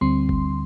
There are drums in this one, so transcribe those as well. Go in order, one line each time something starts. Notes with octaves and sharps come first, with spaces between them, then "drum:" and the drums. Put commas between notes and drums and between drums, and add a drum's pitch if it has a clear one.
D2 D3 G3 C4 C6
drum: kick G1